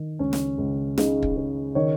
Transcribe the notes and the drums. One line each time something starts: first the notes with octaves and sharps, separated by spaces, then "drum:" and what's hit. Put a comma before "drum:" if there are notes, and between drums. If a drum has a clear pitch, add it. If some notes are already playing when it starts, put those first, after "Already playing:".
Already playing: D#3
C#2 C#4
drum: snare
C#2
C#3 D#4, drum: snare
drum: kick
C#3
D#3 C#5